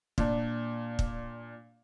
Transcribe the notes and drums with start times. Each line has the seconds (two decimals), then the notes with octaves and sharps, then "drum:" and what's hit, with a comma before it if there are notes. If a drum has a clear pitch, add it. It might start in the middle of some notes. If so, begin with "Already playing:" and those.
0.18 A#2 D4, drum: kick
0.99 drum: kick